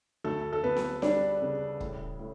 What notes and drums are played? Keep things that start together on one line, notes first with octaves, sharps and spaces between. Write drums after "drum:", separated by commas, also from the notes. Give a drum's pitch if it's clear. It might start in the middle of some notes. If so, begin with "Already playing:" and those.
D2 A3 A4
A4
D2 B3 B4
drum: snare C4
G3 D4 D5, drum: snare C4
C#3
A2, drum: kick
A2